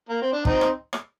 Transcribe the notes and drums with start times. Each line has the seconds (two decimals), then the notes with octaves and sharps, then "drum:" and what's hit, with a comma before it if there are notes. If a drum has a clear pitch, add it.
0.09 A#3
0.22 C4
0.33 D4
0.45 C4 D#4, drum: kick
0.61 drum: rim click
0.93 drum: rim click